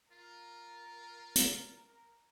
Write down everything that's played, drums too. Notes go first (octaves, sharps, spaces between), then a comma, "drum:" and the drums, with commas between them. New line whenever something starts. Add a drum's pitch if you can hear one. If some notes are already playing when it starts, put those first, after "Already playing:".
F4 A#4
drum: hi-hat